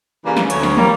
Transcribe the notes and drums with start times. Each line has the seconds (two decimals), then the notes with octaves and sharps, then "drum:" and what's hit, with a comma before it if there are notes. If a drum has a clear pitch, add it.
0.25 C#3 E3 G3 A#3
0.37 drum: snare
0.50 D2 C#5, drum: hi-hat
0.63 drum: snare
0.77 G3 A#3, drum: tom